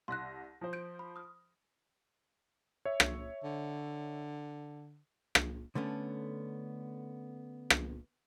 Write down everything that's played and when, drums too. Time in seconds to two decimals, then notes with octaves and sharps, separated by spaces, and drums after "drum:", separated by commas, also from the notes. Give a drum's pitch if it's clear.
0.08 C2 C6 F#6 A#6
0.61 F3 C5
0.73 G6 D7
0.99 B5
1.16 D#6 F6
2.85 C#5 E5
3.00 drum: rim click
3.44 D3
5.35 drum: rim click
5.75 D3 A3 B3 C#4
7.70 drum: rim click